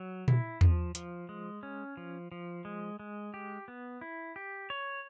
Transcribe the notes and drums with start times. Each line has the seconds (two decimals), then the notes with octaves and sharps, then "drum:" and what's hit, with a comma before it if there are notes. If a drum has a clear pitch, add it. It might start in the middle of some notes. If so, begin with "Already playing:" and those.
Already playing: F#3
0.28 E4, drum: tom A#2
0.61 F3, drum: tom E2
0.95 F3, drum: hi-hat
1.29 G#3
1.63 C#4
1.97 F3
2.32 F3
2.65 G#3
2.99 G#3
3.34 G4
3.68 B3
4.01 E4
4.36 G4
4.70 C#5